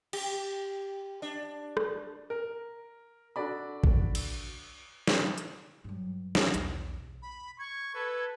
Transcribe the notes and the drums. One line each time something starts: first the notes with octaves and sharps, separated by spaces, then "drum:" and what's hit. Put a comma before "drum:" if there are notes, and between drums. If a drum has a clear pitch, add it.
G4, drum: cymbal
D4
drum: rim click
A#4
D4 F#4 A4 D5 B5
drum: kick A1
drum: cymbal
drum: snare
drum: hi-hat
G2 F#3
F3, drum: snare
B1 E2, drum: hi-hat
B5
C#6 G#6
A4 B4